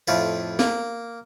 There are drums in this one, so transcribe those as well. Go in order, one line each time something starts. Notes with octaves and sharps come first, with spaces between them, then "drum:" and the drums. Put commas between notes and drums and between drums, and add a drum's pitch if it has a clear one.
F2 A2 F4 B4
A#3, drum: snare